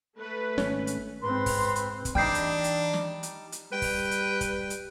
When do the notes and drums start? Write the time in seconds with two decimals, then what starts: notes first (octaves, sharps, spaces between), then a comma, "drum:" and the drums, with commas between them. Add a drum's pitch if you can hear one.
0.17 A3 B4
0.58 G#1 C#4, drum: snare
0.87 drum: hi-hat
1.22 G#2 C4 B4 C6
1.46 drum: kick, open hi-hat
1.76 drum: hi-hat
2.05 drum: kick, hi-hat
2.15 E3 G3 D4 D#4 G5 G6 C7
2.34 drum: hi-hat
2.64 drum: hi-hat
2.93 drum: snare
3.23 drum: hi-hat
3.52 drum: hi-hat
3.72 G3 B4 G5
3.82 drum: kick, open hi-hat
4.11 drum: hi-hat
4.41 drum: kick, hi-hat
4.70 drum: hi-hat